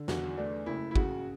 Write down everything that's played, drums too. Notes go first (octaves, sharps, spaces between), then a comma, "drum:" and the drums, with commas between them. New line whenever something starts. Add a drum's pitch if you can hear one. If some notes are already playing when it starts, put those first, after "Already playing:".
Already playing: D3
E2 F#4, drum: snare
A3 D4
F#1 E4
E4
C#3 F#4, drum: kick